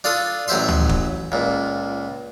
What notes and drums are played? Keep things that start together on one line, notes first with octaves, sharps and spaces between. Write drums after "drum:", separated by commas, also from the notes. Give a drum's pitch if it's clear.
D4 F4 A4 D#6
A1 F#3 C5 E5 C6
drum: tom D2
drum: kick
C#2 A#2